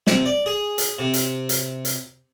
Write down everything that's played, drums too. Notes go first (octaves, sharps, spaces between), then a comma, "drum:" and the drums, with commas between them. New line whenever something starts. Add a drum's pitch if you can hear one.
C3, drum: snare
D5
G#4
drum: hi-hat
C3
drum: hi-hat
drum: hi-hat
drum: hi-hat